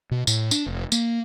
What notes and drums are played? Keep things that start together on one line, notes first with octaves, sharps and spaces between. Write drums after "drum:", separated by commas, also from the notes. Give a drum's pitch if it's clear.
B2
A2, drum: tambourine
D4, drum: tambourine
F1
A#3, drum: tambourine